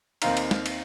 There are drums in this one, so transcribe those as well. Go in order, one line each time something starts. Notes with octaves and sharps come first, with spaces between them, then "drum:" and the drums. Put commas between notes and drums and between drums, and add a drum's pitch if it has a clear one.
D#2 D#3 C4 D#4 F5 A#5, drum: cymbal
drum: cymbal
drum: snare
drum: cymbal